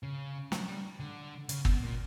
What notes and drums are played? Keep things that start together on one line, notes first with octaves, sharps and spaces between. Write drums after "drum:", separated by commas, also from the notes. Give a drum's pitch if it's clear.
C#3
F#3, drum: snare
G3
D3
C#3, drum: hi-hat
B2, drum: kick
A#2